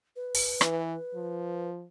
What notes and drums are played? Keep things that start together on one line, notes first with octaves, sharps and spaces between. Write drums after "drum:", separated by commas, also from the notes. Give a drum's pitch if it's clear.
B4
drum: open hi-hat
E3, drum: rim click
F3